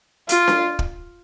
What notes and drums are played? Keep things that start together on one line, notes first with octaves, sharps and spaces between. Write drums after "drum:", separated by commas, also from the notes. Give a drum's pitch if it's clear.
F4, drum: hi-hat
drum: snare D4
drum: kick